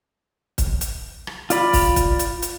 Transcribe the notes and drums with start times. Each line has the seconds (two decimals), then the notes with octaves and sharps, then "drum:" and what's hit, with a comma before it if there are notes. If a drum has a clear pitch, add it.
0.58 drum: kick, hi-hat
0.81 drum: hi-hat
1.27 drum: rim click
1.50 F4 D5 B5, drum: hi-hat
1.73 drum: kick, open hi-hat
1.96 drum: kick, hi-hat
2.19 drum: hi-hat
2.42 drum: hi-hat